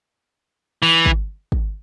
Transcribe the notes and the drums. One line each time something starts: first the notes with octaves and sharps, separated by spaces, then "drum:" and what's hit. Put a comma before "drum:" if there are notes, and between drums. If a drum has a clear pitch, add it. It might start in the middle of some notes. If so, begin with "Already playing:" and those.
E3
drum: kick
drum: kick